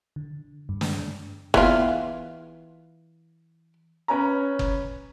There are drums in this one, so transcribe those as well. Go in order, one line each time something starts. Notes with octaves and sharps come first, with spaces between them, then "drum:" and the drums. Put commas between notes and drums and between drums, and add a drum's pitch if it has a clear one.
D3
G2
drum: snare
E3 B3 F4, drum: kick F#1
C#4 B4 C#5 G#5 A#5
drum: kick F#1